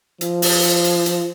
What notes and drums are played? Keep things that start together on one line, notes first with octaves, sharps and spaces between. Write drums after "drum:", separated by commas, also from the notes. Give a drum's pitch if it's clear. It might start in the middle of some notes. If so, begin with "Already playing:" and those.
F3, drum: hi-hat
drum: open hi-hat
drum: hi-hat
drum: hi-hat
drum: hi-hat